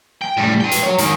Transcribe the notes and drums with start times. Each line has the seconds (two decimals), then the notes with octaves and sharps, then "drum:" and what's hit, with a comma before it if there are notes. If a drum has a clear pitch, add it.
0.22 G5
0.37 A2 G3
0.61 B4 G5
0.72 drum: hi-hat
0.83 F#4 C#5
0.98 G#2 D#3, drum: hi-hat